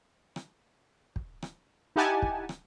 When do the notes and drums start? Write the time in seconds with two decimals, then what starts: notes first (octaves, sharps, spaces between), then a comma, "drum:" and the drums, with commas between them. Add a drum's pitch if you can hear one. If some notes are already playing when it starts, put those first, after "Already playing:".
0.36 drum: rim click
1.16 drum: kick
1.42 drum: rim click
1.96 D#4 E4 G4 F#5 G#5 A5
2.22 drum: kick
2.49 drum: rim click